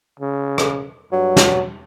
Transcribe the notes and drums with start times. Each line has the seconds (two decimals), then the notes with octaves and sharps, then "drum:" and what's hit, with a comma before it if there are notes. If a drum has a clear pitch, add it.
0.20 C#3
0.58 drum: rim click
1.12 G2 F#3
1.37 drum: snare